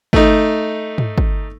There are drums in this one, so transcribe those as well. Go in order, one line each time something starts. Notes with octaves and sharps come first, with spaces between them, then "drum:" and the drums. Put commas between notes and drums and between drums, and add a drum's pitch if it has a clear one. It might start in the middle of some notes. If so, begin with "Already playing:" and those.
A3 D#4, drum: kick
drum: tom
drum: kick